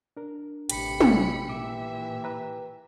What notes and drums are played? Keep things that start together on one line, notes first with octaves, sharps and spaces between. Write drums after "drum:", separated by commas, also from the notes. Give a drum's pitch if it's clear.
D4 A#4
A1 C3 G4 B5 C#7, drum: hi-hat
drum: tom
A#2 E3 E5 D6
B4 A#5